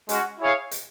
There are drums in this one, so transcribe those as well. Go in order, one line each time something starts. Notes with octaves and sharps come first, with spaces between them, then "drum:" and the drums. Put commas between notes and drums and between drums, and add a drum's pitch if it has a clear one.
G#3 C#4 F#4, drum: hi-hat
E4 G#4 C#5 F5
drum: hi-hat